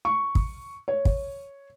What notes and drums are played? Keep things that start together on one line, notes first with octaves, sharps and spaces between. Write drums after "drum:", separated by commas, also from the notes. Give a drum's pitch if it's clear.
C#6
drum: kick
C#5
drum: kick